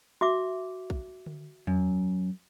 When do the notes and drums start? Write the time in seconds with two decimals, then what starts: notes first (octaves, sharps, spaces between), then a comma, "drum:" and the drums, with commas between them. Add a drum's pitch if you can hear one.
0.21 F#4 E5 D6
0.90 drum: kick A#1
1.26 drum: tom D3
1.67 F#2, drum: tom E2